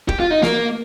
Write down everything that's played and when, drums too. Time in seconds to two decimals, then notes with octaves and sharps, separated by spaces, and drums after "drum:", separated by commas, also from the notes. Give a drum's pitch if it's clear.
0.09 G4, drum: kick
0.20 F4
0.30 D#4
0.42 A#3, drum: snare